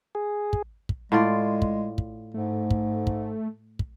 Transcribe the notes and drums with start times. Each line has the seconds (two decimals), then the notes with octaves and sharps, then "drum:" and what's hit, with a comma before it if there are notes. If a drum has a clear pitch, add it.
0.15 G#4
0.53 drum: kick
0.89 drum: kick
1.12 A2 G#3 F4 D5
1.62 drum: kick
1.98 drum: kick
2.34 G#2 A3
2.71 drum: kick
3.07 drum: kick
3.79 drum: kick